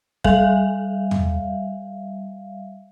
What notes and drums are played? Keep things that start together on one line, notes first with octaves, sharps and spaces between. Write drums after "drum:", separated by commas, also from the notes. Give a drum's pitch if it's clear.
G3 E5 F5, drum: kick
drum: tom